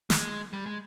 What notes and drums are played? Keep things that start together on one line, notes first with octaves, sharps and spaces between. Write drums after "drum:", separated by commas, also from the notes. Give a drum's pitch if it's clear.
G#3, drum: snare
G3
G#3